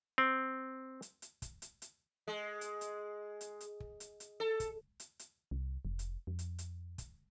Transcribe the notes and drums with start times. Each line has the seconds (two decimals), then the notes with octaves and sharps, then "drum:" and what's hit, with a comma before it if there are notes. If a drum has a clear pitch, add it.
0.18 C4
1.02 drum: hi-hat
1.22 drum: hi-hat
1.42 drum: kick, hi-hat
1.62 drum: hi-hat
1.82 drum: hi-hat
2.28 G#3
2.61 drum: hi-hat
2.81 drum: hi-hat
3.41 drum: hi-hat
3.60 drum: hi-hat
3.80 drum: kick
4.00 drum: hi-hat
4.20 drum: hi-hat
4.40 A4
4.60 drum: kick, hi-hat
5.00 drum: hi-hat
5.19 drum: hi-hat
5.51 C2
5.85 F1
5.99 drum: hi-hat
6.27 F2
6.39 drum: hi-hat
6.58 drum: hi-hat
6.98 drum: kick, hi-hat